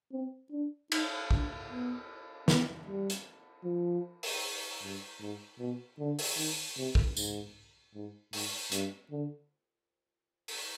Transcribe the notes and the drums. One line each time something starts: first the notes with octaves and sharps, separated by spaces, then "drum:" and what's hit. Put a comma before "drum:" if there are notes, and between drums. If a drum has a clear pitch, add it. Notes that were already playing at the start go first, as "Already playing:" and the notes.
C4
D4
D#4, drum: cymbal
D4, drum: kick
B3
B3, drum: snare
G3
drum: hi-hat
F3
drum: open hi-hat
G2
G#2
B2
D3
drum: open hi-hat
D#3
C3
drum: kick
G#2, drum: tambourine
G#2
G#2, drum: open hi-hat
G2, drum: hi-hat
D3
drum: open hi-hat